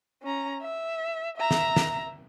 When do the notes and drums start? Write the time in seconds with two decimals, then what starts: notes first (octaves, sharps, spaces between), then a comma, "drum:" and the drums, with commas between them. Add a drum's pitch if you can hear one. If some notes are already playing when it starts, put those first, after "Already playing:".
0.23 C#4 A#5
0.62 E5
1.38 E5 A#5
1.51 drum: snare
1.76 drum: snare